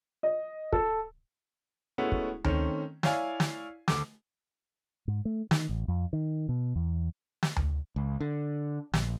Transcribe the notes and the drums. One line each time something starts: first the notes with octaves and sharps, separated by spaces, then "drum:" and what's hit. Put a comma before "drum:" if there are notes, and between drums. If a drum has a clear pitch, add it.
D#5
A4, drum: kick
G#3 A3 B3 C#4 E4 F#4
drum: kick
D#3 A3 C4 C#4, drum: tom D2
E4 C#5 D5 F5 G#5, drum: snare
drum: snare
D2 A3 D6, drum: snare
G#2
A3
D#3, drum: snare
A1
F2
D#3
B2
E2
drum: snare
drum: tom D2
C#2
D3
A#1, drum: snare